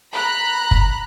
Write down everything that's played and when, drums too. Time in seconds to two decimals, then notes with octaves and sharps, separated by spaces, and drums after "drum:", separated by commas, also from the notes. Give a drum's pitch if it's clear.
0.12 A#5 B5 F#6
0.71 drum: kick F#1